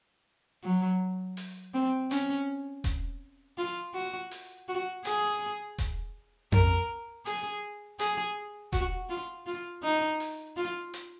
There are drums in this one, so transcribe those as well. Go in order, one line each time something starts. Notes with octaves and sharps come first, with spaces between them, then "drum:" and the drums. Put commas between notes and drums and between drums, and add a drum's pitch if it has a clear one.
F#3
drum: open hi-hat
C4
C#4, drum: hi-hat
drum: kick E1, hi-hat
F4
F#4
drum: open hi-hat
F#4
G#4, drum: hi-hat
drum: kick E1, hi-hat
A#4, drum: tom F2
G#4, drum: open hi-hat
G#4, drum: hi-hat
F#4, drum: kick E1, hi-hat
F4
F4
D#4
drum: open hi-hat
F4
drum: hi-hat